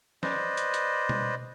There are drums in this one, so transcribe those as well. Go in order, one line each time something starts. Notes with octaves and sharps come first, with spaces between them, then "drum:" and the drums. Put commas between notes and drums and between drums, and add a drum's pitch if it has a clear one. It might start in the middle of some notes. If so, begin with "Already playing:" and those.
B4 C5 D5 D#5, drum: snare
drum: hi-hat
drum: hi-hat
drum: tom